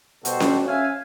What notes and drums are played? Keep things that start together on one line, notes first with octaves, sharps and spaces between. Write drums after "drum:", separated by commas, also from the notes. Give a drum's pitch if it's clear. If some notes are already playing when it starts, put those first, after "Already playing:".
B2 G3 F#4 A4 C5, drum: hi-hat
drum: snare C#4
C#4 E5 F5 G#5